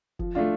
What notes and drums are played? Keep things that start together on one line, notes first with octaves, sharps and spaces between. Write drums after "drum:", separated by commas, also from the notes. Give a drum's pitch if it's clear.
F3, drum: kick
A3 D4 F4